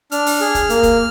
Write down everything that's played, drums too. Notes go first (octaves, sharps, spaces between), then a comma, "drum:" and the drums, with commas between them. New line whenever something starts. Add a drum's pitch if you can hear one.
D4 F6, drum: hi-hat
drum: open hi-hat
G#4
drum: kick, hi-hat
A#3, drum: hi-hat
drum: kick, hi-hat